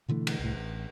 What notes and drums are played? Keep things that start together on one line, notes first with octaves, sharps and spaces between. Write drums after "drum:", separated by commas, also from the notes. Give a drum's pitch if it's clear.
B2 D3 E3 A3
drum: cymbal
C2 A2
A1